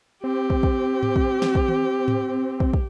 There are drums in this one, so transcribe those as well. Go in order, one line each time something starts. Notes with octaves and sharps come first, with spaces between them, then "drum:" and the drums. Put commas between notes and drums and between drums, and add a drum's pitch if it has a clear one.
C4 G4
drum: kick
drum: kick
drum: tom G#2
drum: kick
drum: snare
drum: kick
drum: tom D#3
drum: tom G#2
drum: kick
drum: kick